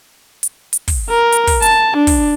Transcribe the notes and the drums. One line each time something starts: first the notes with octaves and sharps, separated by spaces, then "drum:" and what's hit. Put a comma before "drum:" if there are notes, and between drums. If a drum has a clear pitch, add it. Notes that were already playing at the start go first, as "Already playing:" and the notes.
drum: hi-hat
drum: hi-hat
drum: kick, open hi-hat
A#4
drum: hi-hat
drum: kick, open hi-hat
A5, drum: hi-hat
D4
drum: kick, open hi-hat